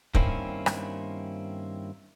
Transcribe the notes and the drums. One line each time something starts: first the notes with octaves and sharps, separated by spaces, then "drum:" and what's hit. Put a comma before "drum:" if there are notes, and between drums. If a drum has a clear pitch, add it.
G2 D#3 A#3 C4 C#4 E4, drum: kick
drum: rim click